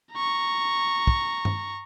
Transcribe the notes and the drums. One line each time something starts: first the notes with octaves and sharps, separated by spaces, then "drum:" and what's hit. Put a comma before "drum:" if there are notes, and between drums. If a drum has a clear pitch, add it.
A#5 C#6
drum: kick
drum: tom G2